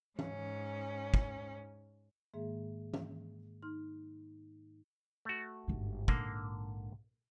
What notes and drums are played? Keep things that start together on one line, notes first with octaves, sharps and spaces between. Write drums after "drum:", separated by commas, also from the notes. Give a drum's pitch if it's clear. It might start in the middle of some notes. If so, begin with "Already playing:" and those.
G#2 C#4, drum: tom
drum: kick
G#2 D#3 G#3 A#3 G#4 E5
drum: tom
D#4 C6 F6
A3 F#4
G1 G#2
A#1 G#2 D3 A#3, drum: kick